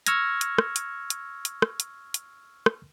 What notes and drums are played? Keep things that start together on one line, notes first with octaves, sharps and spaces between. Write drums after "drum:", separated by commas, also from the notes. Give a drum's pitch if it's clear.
C#6 E6 F6 G#6 A#6, drum: hi-hat
drum: hi-hat
drum: rim click
drum: hi-hat
drum: hi-hat
drum: hi-hat
drum: rim click
drum: hi-hat
drum: hi-hat
drum: rim click